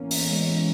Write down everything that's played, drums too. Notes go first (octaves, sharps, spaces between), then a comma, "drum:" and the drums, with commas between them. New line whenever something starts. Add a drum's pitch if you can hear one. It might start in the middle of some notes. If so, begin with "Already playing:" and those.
Already playing: E3 A#3 B3 C#4
drum: open hi-hat
G#3